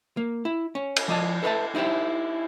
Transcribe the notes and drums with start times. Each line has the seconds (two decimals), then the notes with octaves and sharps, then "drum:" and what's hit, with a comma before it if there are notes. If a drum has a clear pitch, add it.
0.17 A#3
0.45 E4
0.75 C#4
0.96 drum: cymbal
1.08 F3 D5 D#5 A5
1.43 A4 B4 C#5 E5 A5
1.75 D#4 E4 G4 C5 E5